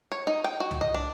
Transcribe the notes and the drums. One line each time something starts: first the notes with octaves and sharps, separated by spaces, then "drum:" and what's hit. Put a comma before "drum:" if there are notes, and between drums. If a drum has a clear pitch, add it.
C#5
D#4
G5
F#4
drum: tom
D#5
D4